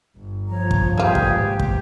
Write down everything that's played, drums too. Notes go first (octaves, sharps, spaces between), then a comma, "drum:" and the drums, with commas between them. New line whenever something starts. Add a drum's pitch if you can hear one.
G1
F3 C#5 A#5
drum: kick
D#2 G#2 G3 F4 G4 G#4 B4
drum: kick
G4
drum: kick